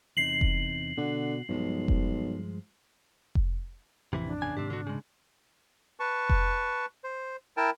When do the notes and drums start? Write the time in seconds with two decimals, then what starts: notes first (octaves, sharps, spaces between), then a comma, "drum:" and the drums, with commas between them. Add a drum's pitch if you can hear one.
0.17 E2 C3 D#4 C7 F#7
0.41 drum: kick F1
0.97 B2 D3 F#4
1.49 B1 G2 F3 G#3
1.88 drum: kick F1
3.35 drum: kick F1
4.13 A1 F2 C3 E3 E4
4.26 D4
4.42 E2 C#3 G#5
4.57 G#2 C3 D#3 C4 G4
4.70 D3 F#4
4.87 C#3 G#3
6.00 B4 A5 C#6
6.29 drum: kick F1
7.04 C5
7.57 E4 A#4 G5 A5